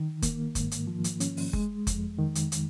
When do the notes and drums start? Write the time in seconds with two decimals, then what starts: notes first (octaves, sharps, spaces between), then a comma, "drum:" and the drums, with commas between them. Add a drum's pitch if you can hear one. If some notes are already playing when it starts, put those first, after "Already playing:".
Already playing: D#3
0.22 A#3, drum: kick F#1, hi-hat
0.55 G#2, drum: kick F#1, hi-hat
0.71 drum: hi-hat
0.87 F3
1.04 drum: hi-hat
1.20 C#4, drum: hi-hat
1.37 drum: open hi-hat
1.53 G#3, drum: kick F#1
1.87 F2, drum: kick F#1, hi-hat
2.19 D#3
2.35 drum: hi-hat
2.52 drum: hi-hat